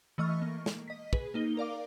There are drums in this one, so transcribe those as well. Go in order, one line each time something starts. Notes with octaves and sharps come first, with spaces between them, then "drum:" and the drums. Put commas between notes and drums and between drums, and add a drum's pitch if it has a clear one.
E3 A3 D#5 C#6 F6
A#3
drum: snare
D#5 B6
G#4 B4, drum: kick
A#3 D#4 G7
A#4 D5 F5 D6